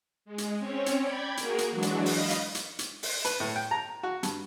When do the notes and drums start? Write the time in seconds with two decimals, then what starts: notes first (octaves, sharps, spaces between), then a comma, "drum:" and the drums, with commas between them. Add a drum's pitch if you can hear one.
0.25 G#3
0.38 drum: hi-hat
0.58 C4 C#4 C#5
0.86 drum: hi-hat
1.02 D5 G5 B5 G#6
1.37 A#3 F#4 G#4 A#4, drum: hi-hat
1.58 drum: hi-hat
1.70 E3 F#3 G#3 D4 F#4
1.82 drum: hi-hat
2.06 D#5 F5 B5, drum: open hi-hat
2.31 drum: hi-hat
2.55 drum: hi-hat
2.79 drum: hi-hat
3.03 drum: open hi-hat
3.25 B4, drum: hi-hat
3.40 A2
3.56 G5
3.71 A#5
4.03 F#4
4.23 G2, drum: hi-hat